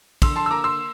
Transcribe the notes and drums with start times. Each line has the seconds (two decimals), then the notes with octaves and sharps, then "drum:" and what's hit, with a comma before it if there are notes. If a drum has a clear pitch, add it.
0.22 D3 C6 E6, drum: kick, cymbal
0.36 A5 C6
0.46 E6
0.50 A#3 A#5 D6
0.64 C6 E6